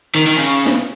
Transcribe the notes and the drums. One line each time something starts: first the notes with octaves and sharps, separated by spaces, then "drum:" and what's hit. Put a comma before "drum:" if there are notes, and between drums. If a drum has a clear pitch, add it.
D#3
D#3
C#3, drum: cymbal
drum: cymbal
drum: snare